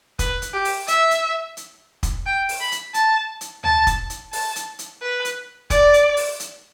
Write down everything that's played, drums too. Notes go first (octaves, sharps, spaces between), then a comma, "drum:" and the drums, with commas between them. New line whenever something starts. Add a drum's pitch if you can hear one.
B4, drum: kick, hi-hat
drum: hi-hat
G4
drum: open hi-hat
E5, drum: hi-hat
drum: hi-hat
drum: hi-hat
drum: kick, hi-hat
G5
drum: open hi-hat
B5
drum: hi-hat
A5, drum: hi-hat
drum: hi-hat
A5, drum: tom
drum: kick, hi-hat
drum: hi-hat
A5, drum: open hi-hat
drum: hi-hat
drum: hi-hat
B4
drum: hi-hat
D5, drum: kick, hi-hat
drum: hi-hat
drum: open hi-hat
drum: hi-hat